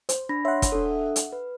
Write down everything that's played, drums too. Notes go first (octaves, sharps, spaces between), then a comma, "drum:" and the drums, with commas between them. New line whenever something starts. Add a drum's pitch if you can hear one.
C5, drum: hi-hat
D4 B5 A#6
C#5 E5 F#5 C6
drum: kick F1, hi-hat
D4 A4
drum: hi-hat
B4